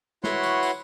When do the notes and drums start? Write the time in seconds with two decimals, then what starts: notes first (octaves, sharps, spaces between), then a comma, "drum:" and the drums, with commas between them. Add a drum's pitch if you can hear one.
0.24 E4 F#4 B4 C#5 F#5 C6, drum: snare
0.43 drum: tambourine
0.63 drum: tambourine